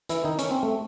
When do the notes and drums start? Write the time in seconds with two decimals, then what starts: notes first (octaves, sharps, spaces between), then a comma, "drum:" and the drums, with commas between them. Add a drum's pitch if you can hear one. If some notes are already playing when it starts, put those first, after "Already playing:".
0.09 E3 E4, drum: hi-hat
0.24 D#3 D#4
0.39 C#4, drum: hi-hat
0.51 C4
0.63 A3